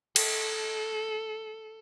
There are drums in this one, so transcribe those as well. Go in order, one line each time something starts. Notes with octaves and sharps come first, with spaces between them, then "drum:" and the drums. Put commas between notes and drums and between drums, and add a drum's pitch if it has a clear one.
A4, drum: cymbal